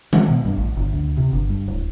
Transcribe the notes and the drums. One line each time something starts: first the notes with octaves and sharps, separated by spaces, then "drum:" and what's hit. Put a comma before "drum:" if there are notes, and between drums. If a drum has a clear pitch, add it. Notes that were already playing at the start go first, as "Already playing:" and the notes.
G#3, drum: tom D#3
B2
G2
A1
G1
D2
C3
G1
G2
D1